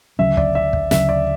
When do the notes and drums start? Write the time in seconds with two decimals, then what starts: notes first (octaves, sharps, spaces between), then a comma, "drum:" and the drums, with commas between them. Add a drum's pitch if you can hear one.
0.19 D2 C#3 F#3 C#4 E5
0.37 D5, drum: kick
0.55 E5
0.73 drum: kick
0.91 D2 C#3 F#3 C#4 E5, drum: snare
1.09 D5